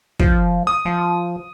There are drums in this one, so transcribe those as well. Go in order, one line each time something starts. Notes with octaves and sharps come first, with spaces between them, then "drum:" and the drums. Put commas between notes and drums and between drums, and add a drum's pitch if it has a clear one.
F3, drum: kick
D#6
F3